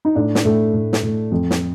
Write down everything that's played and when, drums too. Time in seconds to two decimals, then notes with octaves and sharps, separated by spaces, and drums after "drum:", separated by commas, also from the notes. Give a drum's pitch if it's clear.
0.05 D#4
0.15 A2 D4
0.35 drum: snare
0.45 A2 A3
0.73 A2
0.93 drum: snare
1.03 A2
1.32 F2
1.51 drum: snare